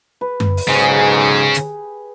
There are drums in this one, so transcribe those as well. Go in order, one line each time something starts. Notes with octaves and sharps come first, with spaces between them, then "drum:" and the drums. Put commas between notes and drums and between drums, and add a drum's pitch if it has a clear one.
B4
drum: tom F#2
drum: open hi-hat
B1 G#2 C#3 C#4 G4 G#4 G#5
drum: hi-hat